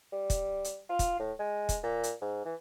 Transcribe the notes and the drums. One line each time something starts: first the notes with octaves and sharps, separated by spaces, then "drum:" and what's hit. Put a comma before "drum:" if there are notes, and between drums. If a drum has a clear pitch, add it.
G3
drum: kick, hi-hat
drum: hi-hat
F4
drum: kick, hi-hat
A2
G#3
drum: kick, hi-hat
A#2
drum: hi-hat
G#2
E3